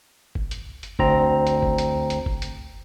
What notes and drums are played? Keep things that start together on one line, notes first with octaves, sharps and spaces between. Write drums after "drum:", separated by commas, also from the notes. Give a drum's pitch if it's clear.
drum: kick F#1
drum: hi-hat
drum: hi-hat
D2 C4 A#5, drum: kick F#1
drum: hi-hat
drum: kick F#1
drum: hi-hat
drum: hi-hat
drum: kick F#1
drum: hi-hat